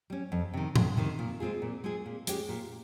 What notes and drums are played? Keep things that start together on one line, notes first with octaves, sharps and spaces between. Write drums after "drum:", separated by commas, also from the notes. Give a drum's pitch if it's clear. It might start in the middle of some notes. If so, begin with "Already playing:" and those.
G3 C#4
F2
C3 D#3
F2, drum: tom A2
C3 D#3
A#2
G#3 C4 F4 G#4
A#2
G#3 C4 F4 G#4
A#2
G#3 C#4 G4, drum: hi-hat
A#2